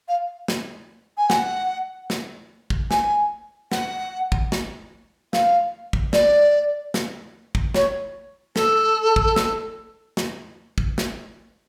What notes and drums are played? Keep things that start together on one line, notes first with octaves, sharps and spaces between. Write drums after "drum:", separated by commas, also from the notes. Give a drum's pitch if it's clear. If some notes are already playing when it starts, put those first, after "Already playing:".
F5
drum: snare
G#5
F#5, drum: snare
drum: snare
drum: kick
G#5, drum: snare
F#5, drum: snare
drum: kick
drum: snare
F5, drum: snare
drum: kick
D5, drum: snare
drum: snare
drum: kick
C#5, drum: snare
A4, drum: snare
drum: kick
drum: snare
drum: snare
drum: kick
drum: snare